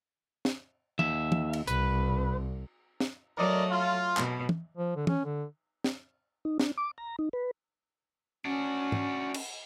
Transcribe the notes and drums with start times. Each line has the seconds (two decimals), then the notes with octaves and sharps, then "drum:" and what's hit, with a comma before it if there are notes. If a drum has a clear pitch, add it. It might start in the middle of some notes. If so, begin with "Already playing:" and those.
0.45 drum: snare
0.99 D#2 E5, drum: tom
1.32 drum: tom
1.53 drum: cymbal
1.67 C2 B4, drum: hi-hat
3.00 drum: snare
3.38 F#3 A3 A#4 D5 D#5
3.71 F4
4.17 B2, drum: clap
4.49 drum: tom
4.77 F3
4.96 D3
5.07 C#4, drum: tom
5.25 D3
5.84 drum: snare
6.45 D#4
6.60 D4, drum: snare
6.77 D6
6.98 A#5
7.19 D#4
7.33 B4
8.45 C#4 D4 F#4
8.92 drum: tom
9.34 drum: cymbal